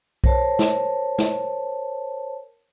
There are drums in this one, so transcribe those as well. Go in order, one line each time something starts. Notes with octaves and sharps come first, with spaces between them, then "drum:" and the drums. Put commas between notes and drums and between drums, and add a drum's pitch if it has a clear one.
A#4 C5 C#5 A5, drum: kick B1
drum: snare
drum: snare